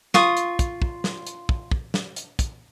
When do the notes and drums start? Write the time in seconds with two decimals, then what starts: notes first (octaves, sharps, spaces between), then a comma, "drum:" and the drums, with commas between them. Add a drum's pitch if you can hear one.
0.14 F4 C#6 D#6, drum: snare
0.37 drum: hi-hat
0.59 drum: kick, hi-hat
0.82 drum: kick
1.04 drum: snare
1.27 drum: hi-hat
1.49 drum: kick
1.71 drum: kick
1.94 drum: snare
2.16 drum: hi-hat
2.39 drum: kick, hi-hat